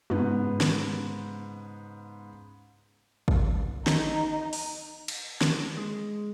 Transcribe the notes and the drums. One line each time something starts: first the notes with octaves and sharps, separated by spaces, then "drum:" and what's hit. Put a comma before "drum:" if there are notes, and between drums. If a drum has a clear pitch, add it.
G#2 C#3 B3, drum: tom
drum: snare
drum: kick
D#4, drum: snare
drum: open hi-hat
drum: cymbal
drum: snare
G#3